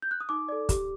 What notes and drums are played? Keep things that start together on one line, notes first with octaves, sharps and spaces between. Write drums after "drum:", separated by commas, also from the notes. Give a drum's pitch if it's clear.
G6
F#6
D#6
D#4 D6
A4 D5
G4, drum: kick, hi-hat